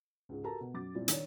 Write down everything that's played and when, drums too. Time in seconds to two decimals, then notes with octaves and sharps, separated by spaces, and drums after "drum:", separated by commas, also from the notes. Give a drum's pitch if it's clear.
0.29 C#2 G#2
0.43 F#4 G4 A4 A#4 A5 A#5
0.61 B2
0.74 F#2 F#3 D6 A6
0.95 A#2 G3 C4 E4
1.08 D#3 D4 C#5, drum: hi-hat